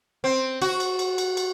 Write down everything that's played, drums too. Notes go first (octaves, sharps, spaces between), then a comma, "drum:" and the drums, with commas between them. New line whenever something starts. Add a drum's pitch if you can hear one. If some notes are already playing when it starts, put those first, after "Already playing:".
C4
F#4, drum: cymbal
drum: cymbal
drum: cymbal
drum: cymbal
drum: cymbal